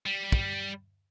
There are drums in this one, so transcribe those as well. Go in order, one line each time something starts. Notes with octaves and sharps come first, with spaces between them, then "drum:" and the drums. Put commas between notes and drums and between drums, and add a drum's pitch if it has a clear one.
G3
drum: kick